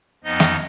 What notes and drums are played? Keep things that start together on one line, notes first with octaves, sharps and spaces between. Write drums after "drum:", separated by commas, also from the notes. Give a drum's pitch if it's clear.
F2 F3 B3 D#4 D#5
drum: snare